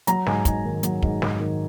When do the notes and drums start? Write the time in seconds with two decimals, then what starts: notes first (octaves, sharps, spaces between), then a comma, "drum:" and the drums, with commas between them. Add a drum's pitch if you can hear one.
0.07 F#3 A#5, drum: hi-hat
0.26 G#2 G#5, drum: snare
0.45 G#2 G#5, drum: kick, hi-hat
0.65 D#3
0.83 F#3, drum: hi-hat
1.03 G#2, drum: kick
1.22 G#2, drum: snare
1.40 D#3